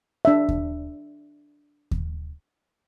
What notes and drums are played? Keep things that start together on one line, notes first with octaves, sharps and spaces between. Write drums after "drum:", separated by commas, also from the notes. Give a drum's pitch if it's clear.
D4 E5
drum: kick D#2
drum: kick D#2